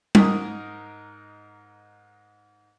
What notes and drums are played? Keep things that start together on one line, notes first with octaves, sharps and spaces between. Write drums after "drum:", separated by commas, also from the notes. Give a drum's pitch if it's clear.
G#2 D#4 A#4 D#6, drum: tom G3